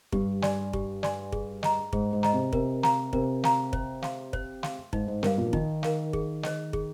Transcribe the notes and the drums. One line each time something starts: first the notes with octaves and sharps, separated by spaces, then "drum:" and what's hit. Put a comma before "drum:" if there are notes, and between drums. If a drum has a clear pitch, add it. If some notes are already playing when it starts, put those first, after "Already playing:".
G2 G4, drum: kick
D5 G#5 C6, drum: snare
G4, drum: kick
D5 G#5 C6, drum: snare
G#4, drum: kick
D#5 A#5, drum: snare
G#2 G#4, drum: kick
G#2
D#5 A#5, drum: snare
C3
C3 A#4, drum: kick
F5 A#5, drum: snare
C3 A#4, drum: kick
F5 A#5, drum: snare
C5, drum: kick
F5 C6, drum: snare
C5, drum: kick
F5 C6, drum: snare
G#2 D#4, drum: kick
G#2
G2 A#4 F5, drum: snare
A#2
F3
D#3 D#4, drum: kick
A#4 F5, drum: snare
G#4, drum: kick
C5 D#5, drum: snare
G#4, drum: kick